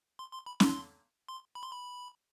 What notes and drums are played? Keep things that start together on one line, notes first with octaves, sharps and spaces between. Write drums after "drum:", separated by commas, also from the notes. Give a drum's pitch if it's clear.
C6
C6
B5
C6, drum: snare
C6
B5
C6
B5